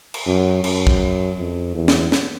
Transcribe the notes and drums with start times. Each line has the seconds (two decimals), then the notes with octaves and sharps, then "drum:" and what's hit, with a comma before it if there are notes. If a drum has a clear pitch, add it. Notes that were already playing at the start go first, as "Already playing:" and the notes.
0.14 drum: cymbal
0.26 F#2
0.64 F#2, drum: cymbal
0.87 drum: kick
1.38 F2
1.75 E2
1.88 drum: snare
2.12 drum: snare